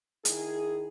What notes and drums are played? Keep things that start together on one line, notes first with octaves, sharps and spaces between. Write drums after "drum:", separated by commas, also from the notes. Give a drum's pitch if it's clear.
D#3 E4 G#4, drum: hi-hat